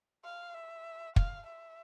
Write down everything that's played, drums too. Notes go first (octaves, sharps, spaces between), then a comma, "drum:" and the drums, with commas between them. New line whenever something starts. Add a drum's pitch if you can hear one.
F5
E5
F5, drum: kick
E5